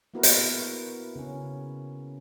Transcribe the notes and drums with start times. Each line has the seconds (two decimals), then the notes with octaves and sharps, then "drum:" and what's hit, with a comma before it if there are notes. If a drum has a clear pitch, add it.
0.14 A#3 B3 E4 F#4 A#4 B4
0.23 drum: hi-hat
1.16 C#3 C#4